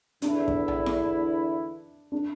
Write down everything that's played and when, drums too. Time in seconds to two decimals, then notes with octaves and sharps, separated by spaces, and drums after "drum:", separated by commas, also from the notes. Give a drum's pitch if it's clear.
0.22 E2 D3 B3 D4 E4, drum: hi-hat
0.48 drum: kick
0.68 drum: tom A#1
0.86 drum: snare E4
2.12 D4